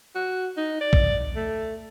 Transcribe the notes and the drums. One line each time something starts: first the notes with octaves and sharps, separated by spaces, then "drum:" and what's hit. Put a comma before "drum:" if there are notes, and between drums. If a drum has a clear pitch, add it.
F#4
D#4
D5
drum: kick A#1
A3